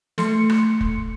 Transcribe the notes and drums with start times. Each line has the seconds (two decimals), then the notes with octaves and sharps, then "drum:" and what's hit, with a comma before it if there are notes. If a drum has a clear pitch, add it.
0.18 A3 C6 C#7, drum: snare
0.49 drum: rim click
0.81 drum: kick